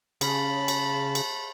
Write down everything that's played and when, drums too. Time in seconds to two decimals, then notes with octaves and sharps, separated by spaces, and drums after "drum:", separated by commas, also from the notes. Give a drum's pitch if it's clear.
0.21 C#3 A5 B5, drum: cymbal
0.68 drum: cymbal
1.15 drum: cymbal